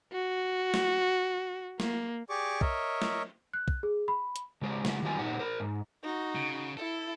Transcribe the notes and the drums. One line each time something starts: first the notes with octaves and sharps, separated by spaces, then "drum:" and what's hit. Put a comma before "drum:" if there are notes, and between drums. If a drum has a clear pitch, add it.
F#4
drum: snare
A#3, drum: snare
G4 G#4 D5 C#6 D6
A#4 C#5 D#5 E5, drum: kick
drum: snare
F#6
drum: kick
G#4
B5
drum: hi-hat
C#3 G#3 G4 C5
C#3 G#3 G4, drum: snare
D#3 F#3 G3 F4 G4 G#5
A#2 D#4 G4 C5 F#5
A#4 C5
G#2
D#4 F#4
C#3
E4 A4